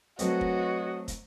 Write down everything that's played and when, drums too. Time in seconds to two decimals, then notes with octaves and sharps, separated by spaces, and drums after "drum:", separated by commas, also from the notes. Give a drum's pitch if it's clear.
0.19 F#3 A3 C4 F#4 B4 C#5 D#5, drum: hi-hat
0.41 drum: kick
1.08 drum: kick, hi-hat